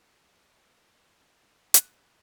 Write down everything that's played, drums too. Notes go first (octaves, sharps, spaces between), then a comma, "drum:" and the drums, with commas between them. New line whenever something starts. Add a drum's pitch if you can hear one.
F#6, drum: hi-hat